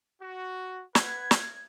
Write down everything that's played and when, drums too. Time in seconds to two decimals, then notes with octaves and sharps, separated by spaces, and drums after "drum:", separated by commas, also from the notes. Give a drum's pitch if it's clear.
0.22 F#4
0.95 B4 F#5 G#6, drum: snare
1.31 drum: snare